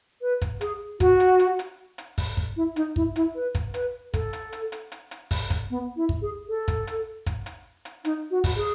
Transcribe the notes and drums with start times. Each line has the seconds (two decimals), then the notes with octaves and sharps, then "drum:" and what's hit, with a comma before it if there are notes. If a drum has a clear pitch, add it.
0.22 B4
0.42 drum: kick, hi-hat
0.61 G#4, drum: hi-hat
1.00 F#4, drum: kick, hi-hat
1.20 drum: hi-hat
1.39 drum: hi-hat
1.59 drum: hi-hat
1.98 drum: hi-hat
2.18 drum: kick, open hi-hat
2.37 drum: kick
2.57 E4
2.76 D#4, drum: hi-hat
2.96 E4, drum: kick
3.16 E4, drum: hi-hat
3.35 B4
3.55 drum: kick, hi-hat
3.74 B4, drum: hi-hat
4.14 A4, drum: kick, hi-hat
4.33 drum: hi-hat
4.53 drum: hi-hat
4.72 drum: hi-hat
4.92 drum: hi-hat
5.11 drum: hi-hat
5.31 drum: kick, open hi-hat
5.50 drum: kick, hi-hat
5.70 B3
5.96 E4
6.09 drum: kick
6.22 G#4
6.49 A4
6.68 drum: kick, hi-hat
6.87 drum: hi-hat
7.26 drum: kick, hi-hat
7.46 drum: hi-hat
7.85 drum: hi-hat
8.05 D#4, drum: hi-hat
8.31 F#4
8.44 drum: kick, open hi-hat
8.57 G#4